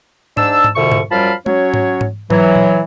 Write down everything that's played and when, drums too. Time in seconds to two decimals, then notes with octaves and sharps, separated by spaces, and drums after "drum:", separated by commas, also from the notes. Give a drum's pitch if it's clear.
0.37 G#2 D4 A5 E6, drum: tom G#2
0.64 drum: tom G#2
0.76 C2 F2 B2 D3 E5 C#6
0.92 drum: tom G#2
1.11 F#2 F3 G3 F5 A5 B5
1.46 F#3 C#4 C#5, drum: tom
1.74 drum: tom G#2
2.01 drum: tom G#2
2.30 E3 F#3, drum: tom G#2
2.55 drum: tom A#2